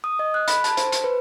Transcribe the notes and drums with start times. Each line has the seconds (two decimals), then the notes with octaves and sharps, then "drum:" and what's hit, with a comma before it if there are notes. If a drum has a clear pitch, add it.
0.04 D#6
0.19 D#5
0.34 F#6
0.48 B5, drum: hi-hat
0.64 A5, drum: hi-hat
0.77 C5, drum: hi-hat
0.92 drum: hi-hat
1.04 B4